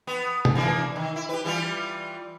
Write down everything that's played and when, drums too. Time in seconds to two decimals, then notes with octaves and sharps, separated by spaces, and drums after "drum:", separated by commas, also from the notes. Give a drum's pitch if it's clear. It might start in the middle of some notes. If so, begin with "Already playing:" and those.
0.07 B3 B4
0.45 drum: tom C3
0.55 E3 A#3 D4
0.96 D#3
1.16 E4
1.29 G4 B4
1.45 E3 G3 F4